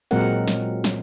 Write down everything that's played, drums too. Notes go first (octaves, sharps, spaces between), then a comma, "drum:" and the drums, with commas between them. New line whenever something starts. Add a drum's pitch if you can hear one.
A#2 F#3 G#3 C4 A#4 F#5, drum: open hi-hat
drum: snare
drum: snare